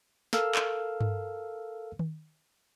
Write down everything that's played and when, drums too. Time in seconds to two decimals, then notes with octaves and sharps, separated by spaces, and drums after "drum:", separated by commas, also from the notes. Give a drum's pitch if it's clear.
0.33 A4 A#4 F5 E6 F6, drum: snare
0.55 drum: clap
1.01 drum: tom G2
1.99 drum: tom D#3